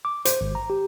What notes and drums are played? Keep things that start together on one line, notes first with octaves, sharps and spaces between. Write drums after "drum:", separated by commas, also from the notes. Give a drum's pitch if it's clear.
D6
C5, drum: hi-hat
G#1
A#5
G4